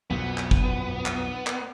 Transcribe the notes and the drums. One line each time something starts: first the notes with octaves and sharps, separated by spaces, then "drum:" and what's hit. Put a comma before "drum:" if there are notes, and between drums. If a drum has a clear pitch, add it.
B1 F2 B2 B3
drum: clap
drum: kick
drum: clap
drum: clap